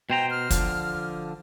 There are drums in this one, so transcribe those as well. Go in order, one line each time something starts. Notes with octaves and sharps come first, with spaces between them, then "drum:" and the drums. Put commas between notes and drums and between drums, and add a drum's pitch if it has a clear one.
B2 C5 G5 A#5
F6
D3 F3, drum: kick, hi-hat